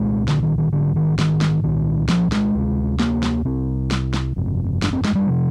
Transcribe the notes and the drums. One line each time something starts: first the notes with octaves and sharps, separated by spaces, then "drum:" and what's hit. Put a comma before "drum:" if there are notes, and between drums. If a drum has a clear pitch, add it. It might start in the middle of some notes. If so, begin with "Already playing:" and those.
Already playing: C2 A#2 G#3
D3, drum: snare
D#3
D#3
A#1 G#2 D3
D#3
D#3, drum: snare
drum: snare
C2 A#2 D#3
F3, drum: snare
G#3, drum: snare
D2 C3
A#3, drum: snare
drum: snare
C2 C3 C4
drum: snare
drum: snare
G1 F2 C3
D4, drum: snare
C4
G#3, drum: snare
G3
C3 F3